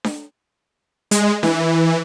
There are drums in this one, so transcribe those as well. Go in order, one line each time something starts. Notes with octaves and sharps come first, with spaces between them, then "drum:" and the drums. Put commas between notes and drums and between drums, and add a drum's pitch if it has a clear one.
drum: snare D4
G#3, drum: hi-hat
E3, drum: snare D4